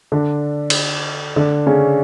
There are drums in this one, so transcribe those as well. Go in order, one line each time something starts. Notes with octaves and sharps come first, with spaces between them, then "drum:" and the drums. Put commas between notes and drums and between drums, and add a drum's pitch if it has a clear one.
D3 D4
drum: cymbal
D3 D4
C#3 C#4